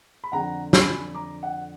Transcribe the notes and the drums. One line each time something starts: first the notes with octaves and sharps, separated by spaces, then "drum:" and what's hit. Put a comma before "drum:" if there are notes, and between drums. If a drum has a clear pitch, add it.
B5
F2 D3 F3 F#5 A#5
G#5 B5, drum: snare
A#5 D6
F#5